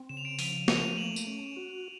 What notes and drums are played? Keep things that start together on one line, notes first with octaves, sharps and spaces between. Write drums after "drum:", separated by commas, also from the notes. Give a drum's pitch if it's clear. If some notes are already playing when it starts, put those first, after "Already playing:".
Already playing: C4
C#3 E7
F7
D7 E7
F3 D#7 F7, drum: open hi-hat
A3 D#7 F7, drum: snare
A#3 E7 F#7
drum: tambourine
C#4
F#4